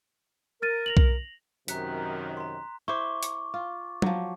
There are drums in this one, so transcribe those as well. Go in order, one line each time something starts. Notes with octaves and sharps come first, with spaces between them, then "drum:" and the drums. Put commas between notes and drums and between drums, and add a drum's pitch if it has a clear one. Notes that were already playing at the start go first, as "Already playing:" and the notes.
A#4 F6 A6 D#7
A#6 F7 F#7
drum: kick B1
F#2 C3 D#3 A#5 F#6 B6, drum: hi-hat
A#5 C6
E4 C5 C#6 D6
drum: hi-hat
F4
F3 F#3, drum: tom F#3